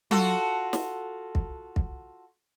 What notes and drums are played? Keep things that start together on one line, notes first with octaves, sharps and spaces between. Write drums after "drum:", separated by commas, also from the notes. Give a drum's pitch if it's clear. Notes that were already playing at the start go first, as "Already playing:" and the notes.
F4 F#4 A4, drum: tom F#3
drum: snare
drum: kick
drum: kick